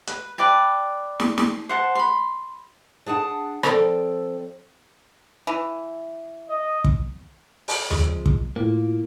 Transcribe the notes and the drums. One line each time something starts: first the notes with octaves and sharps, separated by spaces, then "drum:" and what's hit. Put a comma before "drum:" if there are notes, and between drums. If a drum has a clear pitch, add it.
B4, drum: hi-hat
B4 D5 G5 A5
drum: snare
drum: snare
C5 F#5 A5
B5 C6
D4 G#4 F#5 A5
F3 C4 A4 D5, drum: rim click
E3
D#5
drum: kick
drum: open hi-hat
F2 F3 G#3, drum: tom D#2
drum: kick
A2 A#3 E4 F4